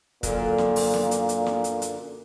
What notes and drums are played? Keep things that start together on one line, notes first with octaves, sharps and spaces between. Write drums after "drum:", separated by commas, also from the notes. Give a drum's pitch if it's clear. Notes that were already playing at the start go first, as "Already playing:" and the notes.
F#2 A#2 D3, drum: kick, hi-hat
drum: snare
drum: open hi-hat
drum: snare
drum: hi-hat
drum: hi-hat
drum: snare
drum: hi-hat
drum: hi-hat